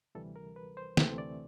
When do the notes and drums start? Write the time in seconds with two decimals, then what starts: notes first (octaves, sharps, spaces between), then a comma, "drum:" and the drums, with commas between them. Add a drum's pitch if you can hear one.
0.15 D2 C3 E3 G3 A4
0.36 A#4
0.56 B4
0.77 C5
0.97 D2 C3 E3 A3 C4, drum: snare
1.18 D5